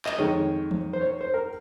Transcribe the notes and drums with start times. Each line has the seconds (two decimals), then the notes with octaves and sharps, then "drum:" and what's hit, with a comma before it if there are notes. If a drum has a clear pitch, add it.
0.06 D#5, drum: clap
0.18 F2 D#3 G#3 C#5
0.71 drum: tom E3
0.93 C5
1.01 C#5
1.21 C5
1.34 A#4